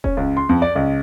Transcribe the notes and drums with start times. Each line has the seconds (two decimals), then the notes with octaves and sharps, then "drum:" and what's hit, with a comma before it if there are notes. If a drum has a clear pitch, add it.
0.04 C#4, drum: kick E1
0.17 C#2
0.37 C6
0.49 F2
0.62 D5
0.75 C#2